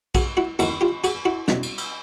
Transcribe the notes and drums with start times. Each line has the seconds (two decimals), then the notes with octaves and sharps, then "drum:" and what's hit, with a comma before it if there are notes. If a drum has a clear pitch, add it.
0.15 F#4 G#4, drum: kick A#1, cymbal
0.37 E4 F#4
0.59 D#2 D#3 E4 F#4, drum: cymbal
0.81 F4 G4
1.04 F#4 G#4, drum: cymbal
1.25 E4 F#4
1.48 C2 B2, drum: snare
1.63 drum: cymbal
1.78 drum: cymbal